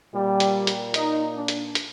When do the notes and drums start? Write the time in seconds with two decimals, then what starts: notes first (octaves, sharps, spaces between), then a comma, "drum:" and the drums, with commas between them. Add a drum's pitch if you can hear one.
0.13 A#2 G3
0.40 drum: hi-hat
0.67 drum: hi-hat
0.94 D#4, drum: hi-hat
1.35 D4
1.48 drum: hi-hat
1.75 drum: hi-hat